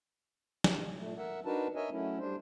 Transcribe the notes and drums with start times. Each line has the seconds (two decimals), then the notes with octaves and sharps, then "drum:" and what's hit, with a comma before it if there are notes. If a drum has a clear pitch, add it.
0.64 drum: snare
0.99 A#2 A3
1.18 A#4 E5 F#5
1.45 D4 D#4 F#4 A#4 B4 A5
1.76 A#4 C#5 D#5 E5 G#5
1.90 F#3 A3 C#4 E4
2.19 G3 D4 C5